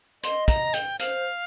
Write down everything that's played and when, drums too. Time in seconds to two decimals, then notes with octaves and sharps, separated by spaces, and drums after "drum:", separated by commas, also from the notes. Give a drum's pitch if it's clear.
0.23 D#5 C6, drum: hi-hat
0.48 A#5, drum: kick, hi-hat
0.74 G5, drum: hi-hat
0.99 C5 F5, drum: hi-hat